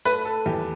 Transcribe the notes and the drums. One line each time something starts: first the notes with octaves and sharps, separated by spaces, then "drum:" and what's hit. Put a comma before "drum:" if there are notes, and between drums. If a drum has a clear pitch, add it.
A3 B4, drum: open hi-hat
A4
E2 G4